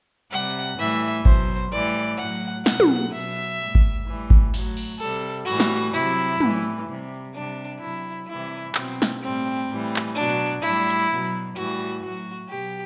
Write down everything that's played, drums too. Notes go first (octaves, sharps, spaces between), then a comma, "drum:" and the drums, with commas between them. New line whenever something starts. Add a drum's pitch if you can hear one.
C3 G3 F#5
A2 E3 G3 E5
B2 F#3 C5, drum: kick G#1
A2 E3 G3 D5
A2 F#3 F#5
B2 F#3 F#5, drum: snare
drum: tom
B2 F#3 E5
A2 G3
drum: kick G#1
A2 E3 G3
drum: kick G#1
A2 F#3, drum: open hi-hat
drum: cymbal
C3 G3 A4
A2 E3 G3 F#4, drum: cymbal
drum: snare
C3 F#3 E4
A2 E3 G3, drum: tom
C3 G3
C3 G3 D4
C3 F#3 E4
C3 E3 G3 E4
B2 F#3 C4, drum: clap
drum: snare
A2 G3 C4
A2 E3 G3
drum: clap
B2 F#3 D4
A2 G3 E4
drum: hi-hat
B2 F#3
A2 E3 G3 F#4, drum: hi-hat
A2 F#3 F#4
B2 F#3 G4